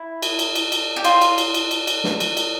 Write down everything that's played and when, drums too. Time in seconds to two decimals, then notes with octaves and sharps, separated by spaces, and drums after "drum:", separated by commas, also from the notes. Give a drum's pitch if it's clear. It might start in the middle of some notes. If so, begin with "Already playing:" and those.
Already playing: E4
0.22 drum: cymbal
0.39 drum: cymbal
0.55 drum: cymbal
0.72 drum: cymbal
0.96 G4
1.04 F4, drum: cymbal
1.21 drum: cymbal
1.38 drum: cymbal
1.54 drum: cymbal
1.71 drum: cymbal
1.87 drum: cymbal
2.04 drum: snare
2.20 drum: cymbal
2.37 drum: cymbal